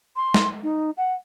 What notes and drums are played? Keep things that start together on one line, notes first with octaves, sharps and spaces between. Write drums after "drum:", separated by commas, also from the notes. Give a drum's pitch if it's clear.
C6
drum: snare
D#4
F#5